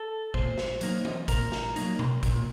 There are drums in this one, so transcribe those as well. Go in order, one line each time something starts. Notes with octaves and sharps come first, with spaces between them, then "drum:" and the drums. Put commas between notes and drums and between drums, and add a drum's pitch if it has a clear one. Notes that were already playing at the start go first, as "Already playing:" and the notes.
Already playing: A4
A#2 C5, drum: kick
drum: snare
F#3 A#3 D#4, drum: hi-hat
drum: tom E3
A#2 A#4, drum: kick, hi-hat
drum: snare
F#3 A#3 D#4, drum: hi-hat
drum: tom B2
A#2, drum: kick, hi-hat